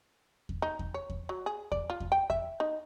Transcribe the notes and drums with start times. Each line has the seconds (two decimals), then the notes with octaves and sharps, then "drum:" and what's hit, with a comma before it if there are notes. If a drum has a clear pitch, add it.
0.49 drum: kick E2
0.62 D#4
0.79 drum: kick E2
0.94 C#5
1.10 drum: kick E2
1.29 F#3
1.46 G#4
1.72 D5, drum: kick E2
1.90 F4
2.00 drum: kick E2
2.12 G5
2.30 E5, drum: kick E2
2.60 D#4